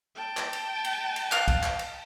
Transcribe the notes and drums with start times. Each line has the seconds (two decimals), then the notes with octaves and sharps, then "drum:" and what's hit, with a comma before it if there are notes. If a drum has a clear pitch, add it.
0.15 G5 A5
0.37 drum: clap
0.53 drum: cymbal
0.84 drum: cymbal
1.16 drum: cymbal
1.32 F5 F#6, drum: clap
1.48 drum: kick, cymbal
1.63 drum: clap
1.79 drum: cymbal